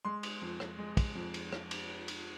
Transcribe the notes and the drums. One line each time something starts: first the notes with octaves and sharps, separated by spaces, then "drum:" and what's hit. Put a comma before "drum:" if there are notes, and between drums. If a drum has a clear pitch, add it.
G#3 C6
drum: cymbal
F2
drum: rim click
G#3
drum: kick, cymbal
F2
drum: cymbal
drum: rim click
drum: cymbal
drum: cymbal